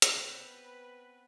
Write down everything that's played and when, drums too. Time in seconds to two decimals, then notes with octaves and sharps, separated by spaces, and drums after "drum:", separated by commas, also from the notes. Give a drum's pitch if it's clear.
0.02 drum: hi-hat
0.16 B3 C4 B4